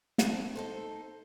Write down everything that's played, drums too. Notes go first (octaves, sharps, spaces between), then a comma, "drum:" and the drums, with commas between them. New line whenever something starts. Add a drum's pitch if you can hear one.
G#3 C4 D4 E4 A4, drum: snare
D#4 A4 C5